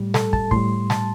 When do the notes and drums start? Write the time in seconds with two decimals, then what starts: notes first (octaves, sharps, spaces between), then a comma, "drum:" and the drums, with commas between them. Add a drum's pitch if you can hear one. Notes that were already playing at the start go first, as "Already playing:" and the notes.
Already playing: A2 G3
0.14 A4, drum: snare
0.33 A5, drum: kick
0.51 A2 G3 C6, drum: kick
0.90 A5, drum: snare